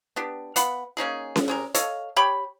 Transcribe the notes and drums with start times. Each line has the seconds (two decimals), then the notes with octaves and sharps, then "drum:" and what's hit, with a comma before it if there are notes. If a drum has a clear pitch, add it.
0.16 B3 D4 G4
0.56 B3 F5 F#5 B5, drum: hi-hat
0.97 A#3 C#4 D#4 G#4
1.36 drum: snare C#4
1.48 C3 G#4 A#4
1.74 A4 C#5 D#5 F5, drum: hi-hat
2.16 G4 C#5 G5 B5